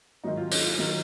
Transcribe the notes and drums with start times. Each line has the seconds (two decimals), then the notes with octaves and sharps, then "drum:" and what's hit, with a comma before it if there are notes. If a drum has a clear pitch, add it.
0.24 G#2 D#3 F#3 D#4
0.37 F4
0.52 C#4, drum: open hi-hat
0.66 F4
0.79 D#3 F#3 F4